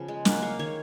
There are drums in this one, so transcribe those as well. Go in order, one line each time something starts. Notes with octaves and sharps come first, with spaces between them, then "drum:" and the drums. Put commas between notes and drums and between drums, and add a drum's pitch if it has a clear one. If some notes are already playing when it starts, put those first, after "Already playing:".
Already playing: C#3 F3 B3
G#3
A#3 F#5, drum: snare
A#3 F5
D#3 C#5